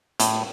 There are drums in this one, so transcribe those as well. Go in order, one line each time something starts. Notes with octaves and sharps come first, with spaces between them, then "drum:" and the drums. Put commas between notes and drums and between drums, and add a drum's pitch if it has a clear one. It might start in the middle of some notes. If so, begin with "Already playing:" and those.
A2, drum: hi-hat